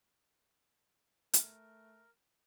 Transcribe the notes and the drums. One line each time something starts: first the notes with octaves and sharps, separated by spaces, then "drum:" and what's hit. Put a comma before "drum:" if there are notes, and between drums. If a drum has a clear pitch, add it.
A3 A#4, drum: hi-hat